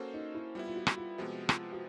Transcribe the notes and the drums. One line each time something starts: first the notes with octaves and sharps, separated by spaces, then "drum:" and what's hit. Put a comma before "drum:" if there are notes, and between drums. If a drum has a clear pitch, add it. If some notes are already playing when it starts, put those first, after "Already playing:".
Already playing: A#3 C#4 F#4 A4 C5
D#4
E4
G3 B3 E4 F4
F4
F#4
drum: rim click
F4
C3 F3 G#3 B3 F#4
F4, drum: rim click
F#4